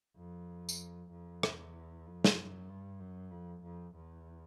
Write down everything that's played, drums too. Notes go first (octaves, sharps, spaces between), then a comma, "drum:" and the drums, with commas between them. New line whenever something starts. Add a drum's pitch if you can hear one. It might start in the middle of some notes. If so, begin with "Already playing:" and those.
F2
drum: tambourine
F2
E2, drum: rim click
F2
drum: snare
F#2
G2
F#2
F2
F2
E2